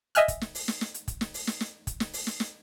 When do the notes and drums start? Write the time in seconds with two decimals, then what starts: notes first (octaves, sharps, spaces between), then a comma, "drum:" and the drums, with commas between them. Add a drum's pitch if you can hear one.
0.15 D#5 E5 G#5 F6 F#6, drum: hi-hat
0.28 drum: kick, hi-hat
0.41 drum: snare
0.55 drum: open hi-hat
0.68 drum: snare
0.81 drum: snare
0.94 drum: hi-hat
1.08 drum: kick, hi-hat
1.21 drum: snare
1.34 drum: open hi-hat
1.47 drum: snare
1.61 drum: snare
1.87 drum: kick, hi-hat
2.00 drum: snare
2.13 drum: open hi-hat
2.27 drum: snare
2.40 drum: snare